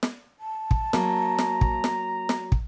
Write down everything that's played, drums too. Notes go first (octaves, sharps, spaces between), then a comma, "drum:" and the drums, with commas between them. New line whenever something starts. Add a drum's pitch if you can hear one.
drum: snare
A5
drum: kick
F#3 A#3 A#5, drum: snare
drum: snare
drum: kick
drum: snare
drum: snare
drum: kick